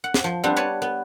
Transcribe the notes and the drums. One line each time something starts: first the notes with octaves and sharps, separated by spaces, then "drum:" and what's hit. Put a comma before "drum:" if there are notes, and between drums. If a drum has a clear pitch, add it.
F#5
drum: snare
F3
G3 B3 C4 D4
B4 C#5 A5
B3